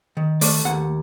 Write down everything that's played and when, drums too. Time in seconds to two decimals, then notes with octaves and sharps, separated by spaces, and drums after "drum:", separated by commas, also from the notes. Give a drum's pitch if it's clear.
0.17 D#3
0.41 A3 D5, drum: open hi-hat
0.65 D#2 F#5